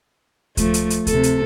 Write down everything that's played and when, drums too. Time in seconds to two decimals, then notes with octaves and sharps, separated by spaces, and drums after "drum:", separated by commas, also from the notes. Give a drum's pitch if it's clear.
0.57 F3 A3, drum: kick D2, hi-hat
0.74 drum: hi-hat
0.90 drum: hi-hat
1.07 C3 A4, drum: kick D2, hi-hat
1.23 drum: hi-hat